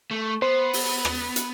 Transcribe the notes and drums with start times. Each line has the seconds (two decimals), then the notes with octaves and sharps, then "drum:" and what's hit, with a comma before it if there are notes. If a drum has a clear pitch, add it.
0.11 A3
0.42 B3 C5
0.73 drum: open hi-hat
1.05 drum: rim click
1.36 drum: hi-hat